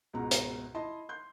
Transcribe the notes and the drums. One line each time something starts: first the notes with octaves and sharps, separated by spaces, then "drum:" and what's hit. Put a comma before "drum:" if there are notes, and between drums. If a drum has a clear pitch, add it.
C#2 G#2 B2 A#5
drum: hi-hat
E4 D#5 A5 C6
C6 G6